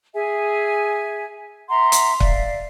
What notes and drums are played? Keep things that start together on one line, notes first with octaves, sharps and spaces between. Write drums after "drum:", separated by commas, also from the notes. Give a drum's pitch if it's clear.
G#4 E5 G#5
E5 F#5 A#5 C6
drum: hi-hat
D5 E5 F5, drum: kick